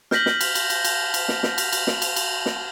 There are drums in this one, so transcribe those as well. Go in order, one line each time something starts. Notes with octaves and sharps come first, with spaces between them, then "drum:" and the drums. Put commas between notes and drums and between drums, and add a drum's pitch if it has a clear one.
F6 G6 A#6 B6 F#7, drum: snare
drum: snare
drum: cymbal
drum: cymbal
drum: cymbal
drum: cymbal
drum: cymbal
drum: snare
drum: snare
drum: cymbal
drum: cymbal
drum: snare
drum: cymbal
drum: cymbal
drum: snare